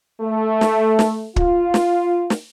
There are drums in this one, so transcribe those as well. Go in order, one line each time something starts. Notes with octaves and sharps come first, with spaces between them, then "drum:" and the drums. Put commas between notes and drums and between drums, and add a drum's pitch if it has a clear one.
A3
drum: snare
drum: snare
F4, drum: kick
drum: snare
drum: snare